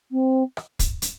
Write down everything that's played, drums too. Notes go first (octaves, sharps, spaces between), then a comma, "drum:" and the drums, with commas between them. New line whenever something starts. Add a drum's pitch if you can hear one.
C4
drum: rim click
drum: kick, hi-hat
drum: hi-hat